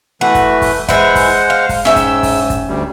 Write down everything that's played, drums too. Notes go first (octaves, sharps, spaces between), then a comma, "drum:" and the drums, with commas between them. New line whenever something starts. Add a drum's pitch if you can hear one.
E3 A3 F#4 B4
drum: kick, hi-hat
drum: kick, open hi-hat
E3 G#3 E4 C5 F#5, drum: kick, hi-hat
drum: kick, open hi-hat
F5
drum: kick, open hi-hat
G#2 C#4 E5 G5 E6
drum: kick, hi-hat
drum: kick, open hi-hat
drum: kick, hi-hat
D2 G3